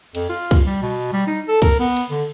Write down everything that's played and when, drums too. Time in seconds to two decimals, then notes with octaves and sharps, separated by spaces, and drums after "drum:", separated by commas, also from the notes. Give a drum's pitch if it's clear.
0.15 F2, drum: cymbal
0.29 F4
0.51 drum: kick, cymbal
0.66 G3
0.82 B2
1.13 G3
1.27 D#4
1.48 A4
1.62 A#4, drum: kick, cymbal
1.80 B3
1.96 drum: cymbal
2.09 D3